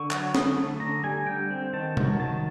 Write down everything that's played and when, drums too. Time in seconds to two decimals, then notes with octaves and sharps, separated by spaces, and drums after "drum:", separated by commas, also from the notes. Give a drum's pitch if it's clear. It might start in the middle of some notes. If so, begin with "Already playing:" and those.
Already playing: D3 C#6
0.11 F#3, drum: clap
0.35 D3 D#6, drum: snare C4
0.57 A3
0.80 D3 A#5
1.04 G3 G#5
1.27 D3 G5
1.50 C4
1.73 D#3 A5
1.97 F#3, drum: tom C3
2.20 D#3 A5